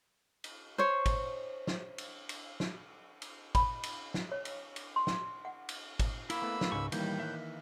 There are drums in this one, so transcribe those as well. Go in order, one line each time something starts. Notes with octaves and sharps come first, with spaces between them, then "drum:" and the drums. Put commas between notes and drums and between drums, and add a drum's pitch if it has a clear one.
drum: cymbal
C5 C#5
drum: kick G#1, cymbal
drum: snare
drum: cymbal
drum: cymbal
drum: snare
drum: cymbal
B5, drum: kick G#1, cymbal
drum: cymbal
drum: snare
C#5
drum: cymbal
drum: cymbal
C6
drum: snare
F#5
drum: cymbal
drum: kick G#1, cymbal
A#3 E4 B5 E6, drum: cymbal
A3 B3
drum: snare
C#2 G#2 C#6
A2 D#3 E3 G3 A#3 G6, drum: cymbal
E5 F#6